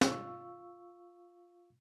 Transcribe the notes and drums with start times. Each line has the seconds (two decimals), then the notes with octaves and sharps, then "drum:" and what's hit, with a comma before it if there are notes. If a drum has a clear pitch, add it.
0.01 F4 F5 C#6 E6, drum: snare